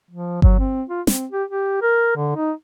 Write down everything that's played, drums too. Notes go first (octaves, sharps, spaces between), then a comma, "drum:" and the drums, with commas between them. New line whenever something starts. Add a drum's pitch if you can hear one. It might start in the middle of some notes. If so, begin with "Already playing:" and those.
F3
F#3, drum: kick G1
C4
F4
C4, drum: snare
G4
G4
A#4
D3
D#4